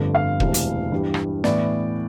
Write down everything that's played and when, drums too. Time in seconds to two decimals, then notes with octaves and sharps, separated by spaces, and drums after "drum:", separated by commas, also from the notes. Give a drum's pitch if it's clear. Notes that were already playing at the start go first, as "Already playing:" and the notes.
Already playing: G1 F2 D3 A3 D4
0.15 F5
0.40 E1 D2 C3 E3, drum: kick
0.54 drum: hi-hat
0.92 G2 E3 G3 D4
1.14 drum: rim click
1.44 A2 E3 B3 E4 D5, drum: snare